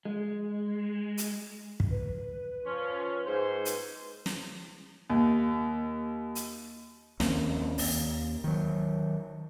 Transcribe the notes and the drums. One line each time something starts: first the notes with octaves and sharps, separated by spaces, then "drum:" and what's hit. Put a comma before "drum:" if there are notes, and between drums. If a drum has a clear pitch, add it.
G#3
drum: hi-hat
drum: kick
B4
F3 C#4 C6
G#2 C5
drum: hi-hat
drum: snare
D#2
drum: hi-hat
D#2 A#3 C4 C#4, drum: snare
D#2, drum: open hi-hat
D#3 F#3